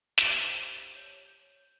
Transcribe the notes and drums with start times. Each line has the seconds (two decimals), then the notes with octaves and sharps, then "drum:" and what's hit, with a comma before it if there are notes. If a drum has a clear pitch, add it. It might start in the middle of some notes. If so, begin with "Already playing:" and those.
0.18 G4 C5 A5, drum: snare
0.96 C#5 G6 F#7